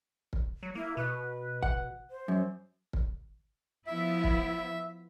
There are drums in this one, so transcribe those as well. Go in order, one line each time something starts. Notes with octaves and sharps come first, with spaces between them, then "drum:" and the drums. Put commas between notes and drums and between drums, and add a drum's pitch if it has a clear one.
drum: kick
F#3
A#3 E4
B2 B4
F#5, drum: kick
C5
F#2
drum: kick
F3 B3 E4 E5
drum: kick